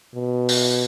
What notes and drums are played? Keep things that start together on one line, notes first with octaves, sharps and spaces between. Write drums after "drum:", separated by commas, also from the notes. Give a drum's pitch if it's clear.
B2
drum: open hi-hat